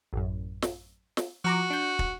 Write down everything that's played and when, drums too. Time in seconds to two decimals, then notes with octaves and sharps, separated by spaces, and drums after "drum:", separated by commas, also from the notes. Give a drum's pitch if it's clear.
0.13 A1 F#2
0.62 drum: snare
1.17 drum: snare
1.44 F3 F#4 A#5 D6
1.70 D4 G6
1.99 drum: kick